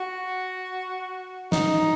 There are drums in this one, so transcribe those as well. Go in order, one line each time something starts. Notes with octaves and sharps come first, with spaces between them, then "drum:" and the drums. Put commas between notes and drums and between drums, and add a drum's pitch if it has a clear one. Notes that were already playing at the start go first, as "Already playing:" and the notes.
Already playing: F#4
D#4, drum: snare